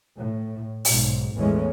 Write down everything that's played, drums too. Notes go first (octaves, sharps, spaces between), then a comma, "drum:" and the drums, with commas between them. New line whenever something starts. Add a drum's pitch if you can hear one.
A2
B1 G#2, drum: open hi-hat
A1 E2 A2 E3 G#3 C#4